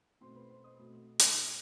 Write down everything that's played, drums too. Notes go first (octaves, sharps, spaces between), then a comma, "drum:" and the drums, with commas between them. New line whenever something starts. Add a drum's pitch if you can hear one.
B2 A3 C4 C5 C6
B4 B5
C5 C6
D#5 D#6
B2 A3 C4
drum: hi-hat